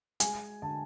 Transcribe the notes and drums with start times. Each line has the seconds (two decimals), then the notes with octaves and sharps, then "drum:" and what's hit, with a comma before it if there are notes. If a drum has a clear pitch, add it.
0.20 G#3 G#5, drum: hi-hat
0.62 D3 A5